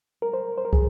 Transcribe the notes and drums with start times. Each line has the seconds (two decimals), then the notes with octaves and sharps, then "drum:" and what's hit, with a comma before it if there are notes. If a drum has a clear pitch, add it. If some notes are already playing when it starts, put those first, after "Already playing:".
0.22 A#4
0.34 C5
0.58 C5
0.65 A#4
0.73 G#4, drum: kick